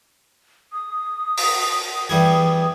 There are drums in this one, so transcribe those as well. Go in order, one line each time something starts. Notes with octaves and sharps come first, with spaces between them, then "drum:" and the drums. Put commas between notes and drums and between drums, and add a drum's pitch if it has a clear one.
D#6
drum: open hi-hat
E2 G3 G#4